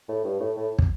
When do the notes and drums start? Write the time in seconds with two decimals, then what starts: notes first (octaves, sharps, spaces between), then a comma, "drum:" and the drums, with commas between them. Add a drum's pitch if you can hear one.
0.08 A2
0.24 G2
0.40 A2
0.57 A2
0.79 drum: kick